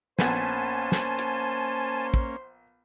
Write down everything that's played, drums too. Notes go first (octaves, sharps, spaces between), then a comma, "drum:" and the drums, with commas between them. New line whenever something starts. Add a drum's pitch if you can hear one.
A#1 A#3 B3 C#4 C5 G#5 A5, drum: snare
drum: snare
drum: hi-hat
drum: kick